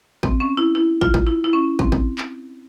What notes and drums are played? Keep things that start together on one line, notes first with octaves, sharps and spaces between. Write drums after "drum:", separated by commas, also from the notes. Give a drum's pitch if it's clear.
C4, drum: kick
C#4
E4
E4
F4, drum: kick
drum: kick
E4
E4
C#4
C4, drum: kick
drum: kick
drum: clap